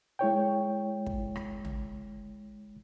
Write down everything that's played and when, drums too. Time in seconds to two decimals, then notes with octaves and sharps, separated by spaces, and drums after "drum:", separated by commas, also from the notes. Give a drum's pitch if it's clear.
0.19 G#3 E4 C#5 G5
1.06 drum: kick
1.36 drum: rim click
1.65 drum: tom